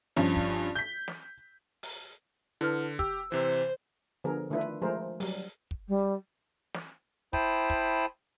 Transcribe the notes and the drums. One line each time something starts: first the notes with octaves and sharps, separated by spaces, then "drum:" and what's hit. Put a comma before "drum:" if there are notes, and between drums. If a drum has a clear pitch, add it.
G2 F3 C#4
drum: kick
G6 B6
drum: snare
drum: open hi-hat
D3 E4 B4 F6
G4 E6, drum: kick
C3 E3 C5
D3 F3 B3 G#4 A#4
D#3 A3 D4 E4 F4 B4
drum: hi-hat
F3 G#3 A3 G#4 A#4 C5
F#3 G3, drum: open hi-hat
drum: kick
G3
drum: snare
E4 C5 G5 A5 B5 D#6, drum: kick
drum: kick